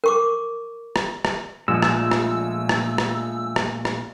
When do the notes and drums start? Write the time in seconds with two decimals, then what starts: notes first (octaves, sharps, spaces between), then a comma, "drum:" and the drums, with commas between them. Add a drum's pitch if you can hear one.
0.04 A#4 C#6 D6
0.96 drum: rim click
1.25 drum: rim click
1.68 A#1 A#2 G#3 A3 E6
1.83 drum: rim click
2.11 drum: rim click
2.69 drum: rim click
2.98 drum: rim click
3.56 drum: rim click
3.85 drum: rim click